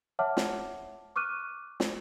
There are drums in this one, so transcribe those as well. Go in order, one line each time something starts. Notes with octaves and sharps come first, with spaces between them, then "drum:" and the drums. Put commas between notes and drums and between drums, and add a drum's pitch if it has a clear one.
C#5 E5 F#5 A5 D6 F6
drum: snare
C#6 D6 F6 F#6 D#7
drum: snare